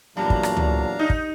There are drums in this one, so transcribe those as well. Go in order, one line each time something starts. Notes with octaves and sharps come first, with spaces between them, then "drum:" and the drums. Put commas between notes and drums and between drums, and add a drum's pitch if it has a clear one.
E2 A#2 F#3 G3 D4 F5 A5 A#5
drum: kick
drum: rim click
drum: tom C#2
D#4
drum: kick